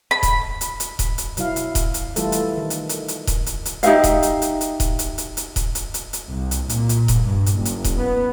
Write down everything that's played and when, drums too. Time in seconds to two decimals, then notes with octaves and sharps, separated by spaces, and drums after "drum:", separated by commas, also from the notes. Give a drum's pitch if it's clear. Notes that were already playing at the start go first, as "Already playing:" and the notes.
0.11 B5
0.23 drum: kick D#1, hi-hat
0.61 drum: hi-hat
0.80 drum: hi-hat
0.99 drum: kick D#1, hi-hat
1.18 drum: hi-hat
1.37 B2 F#3 E4 F5, drum: hi-hat
1.56 drum: hi-hat
1.75 drum: kick D#1, hi-hat
1.94 drum: hi-hat
2.16 E3 G3 A3 E4 F4 A4, drum: hi-hat
2.32 drum: hi-hat
2.57 D#3
2.70 drum: hi-hat
2.89 drum: hi-hat
3.08 drum: hi-hat
3.27 drum: kick D#1, hi-hat
3.46 drum: hi-hat
3.65 drum: hi-hat
3.83 D#4 G4 E5 F5, drum: hi-hat
4.04 drum: kick D#1, hi-hat
4.23 drum: hi-hat
4.42 drum: hi-hat
4.61 drum: hi-hat
4.80 drum: kick D#1, hi-hat
4.99 drum: hi-hat
5.18 drum: hi-hat
5.37 drum: hi-hat
5.56 drum: kick D#1, hi-hat
5.75 drum: hi-hat
5.94 drum: hi-hat
6.13 drum: hi-hat
6.28 C2
6.51 drum: hi-hat
6.69 A#2, drum: hi-hat
6.89 drum: hi-hat
7.08 drum: kick D#1, hi-hat
7.19 G2
7.46 drum: hi-hat
7.56 F#1
7.65 drum: hi-hat
7.84 drum: kick D#1, hi-hat
7.96 B3